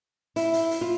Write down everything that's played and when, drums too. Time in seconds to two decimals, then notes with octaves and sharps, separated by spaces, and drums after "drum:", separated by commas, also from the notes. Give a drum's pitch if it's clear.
0.36 E4, drum: hi-hat
0.54 drum: hi-hat
0.71 drum: hi-hat
0.81 F4